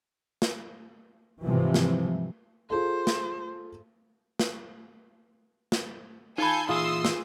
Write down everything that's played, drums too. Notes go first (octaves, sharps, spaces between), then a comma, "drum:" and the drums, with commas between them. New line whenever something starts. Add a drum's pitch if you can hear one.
drum: snare
G#2 C3 E3 F3 G3
drum: snare
F4 G#4 A4 C5
drum: snare
drum: snare
drum: snare
D#4 F4 A4 G#5 B5 G6
A#2 E3 F4 G#4 E5 C6 D#6 E6
drum: snare